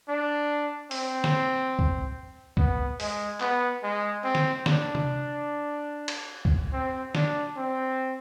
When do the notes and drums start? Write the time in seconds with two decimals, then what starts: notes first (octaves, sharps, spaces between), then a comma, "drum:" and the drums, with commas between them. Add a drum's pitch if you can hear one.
0.08 D4
0.91 C4, drum: open hi-hat
1.24 drum: snare
1.79 drum: kick C2
2.57 B3, drum: kick C2
3.00 G#3, drum: open hi-hat
3.41 B3, drum: clap
3.83 G#3
4.24 C4
4.35 drum: snare
4.66 D4, drum: snare
4.95 drum: tom C3
6.08 drum: cymbal
6.45 drum: kick C2
6.73 C4
7.15 D4, drum: snare
7.57 C4